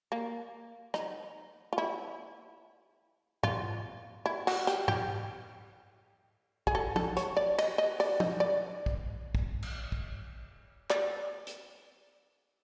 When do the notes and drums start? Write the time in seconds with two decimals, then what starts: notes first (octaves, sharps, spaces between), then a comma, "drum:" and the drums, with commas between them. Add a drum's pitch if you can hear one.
0.12 A#3
0.94 D#4, drum: rim click
1.73 F4
1.78 E4
3.43 F4, drum: tom G#2
4.26 E4
4.47 F#4, drum: cymbal
4.67 G4, drum: hi-hat
4.88 G4, drum: tom G#2
6.67 G#4, drum: kick
6.75 A4
6.96 A4, drum: tom
7.17 C#5, drum: hi-hat
7.37 D5
7.58 D#5, drum: cymbal
7.78 D#5
8.00 D5, drum: open hi-hat
8.20 D#5, drum: tom
8.40 D5
8.86 drum: kick
9.35 drum: kick
9.63 drum: cymbal
9.92 drum: kick
10.90 D5, drum: clap
11.47 drum: hi-hat